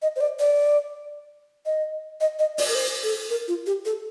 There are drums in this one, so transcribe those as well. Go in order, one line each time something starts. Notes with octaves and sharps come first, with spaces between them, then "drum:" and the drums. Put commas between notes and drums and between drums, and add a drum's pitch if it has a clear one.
D#5
C5
D5
D5
D#5
D#5
D#5
D5, drum: open hi-hat
A#4
C5
A4
A#4
F4
G4
A4